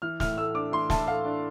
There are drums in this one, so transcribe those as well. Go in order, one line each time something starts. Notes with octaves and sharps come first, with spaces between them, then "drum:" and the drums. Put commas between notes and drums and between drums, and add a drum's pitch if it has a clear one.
E3 F6
A2 F6, drum: snare
A3 E6
D4 D6
E3 C6
A2 A5, drum: snare
A3 F5
D4